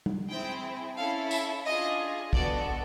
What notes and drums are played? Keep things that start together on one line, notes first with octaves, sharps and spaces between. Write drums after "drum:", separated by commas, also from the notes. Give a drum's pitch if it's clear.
drum: tom
C4 E4 G#4 G5
C#4 E4 A4 F5
E5, drum: tambourine
D4 F4 G#4 D#5
B3 D4 F#4 A4 D5, drum: kick